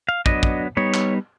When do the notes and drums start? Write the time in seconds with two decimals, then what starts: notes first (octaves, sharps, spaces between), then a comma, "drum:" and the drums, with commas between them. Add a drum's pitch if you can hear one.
0.09 F5
0.26 F#3 B3 D4 D#5, drum: kick
0.43 drum: kick
0.77 G3 B3 D#4 C#5
0.94 drum: clap